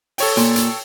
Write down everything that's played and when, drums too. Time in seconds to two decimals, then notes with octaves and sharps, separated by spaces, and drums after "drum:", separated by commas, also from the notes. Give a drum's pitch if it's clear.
0.18 A4 C#5 G5, drum: open hi-hat
0.37 A#2, drum: hi-hat
0.56 drum: hi-hat